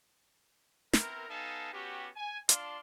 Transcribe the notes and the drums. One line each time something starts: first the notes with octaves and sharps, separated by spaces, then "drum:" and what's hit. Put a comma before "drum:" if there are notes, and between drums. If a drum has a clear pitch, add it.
B3 C4 E4 A#4, drum: snare
B3 D#4 A4 F5 G#5 A5
B3 C#4 F#4 G4
G#5
D4 F4 D5 F5 A5 C6, drum: hi-hat